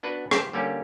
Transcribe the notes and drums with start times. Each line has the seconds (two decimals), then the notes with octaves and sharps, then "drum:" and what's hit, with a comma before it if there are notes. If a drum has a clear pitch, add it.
0.03 B3 D4 F#4 B4
0.31 G4 C5, drum: rim click
0.53 D3 G3 A#3 C#4 G4